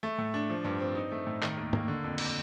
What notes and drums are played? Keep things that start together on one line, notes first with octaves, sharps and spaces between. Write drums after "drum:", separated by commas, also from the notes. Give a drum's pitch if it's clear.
A3
A2
D4
F3
G2
C4
D#4
A3
A2
D#3, drum: clap
D#2
A#3, drum: tom
D3
F2
drum: cymbal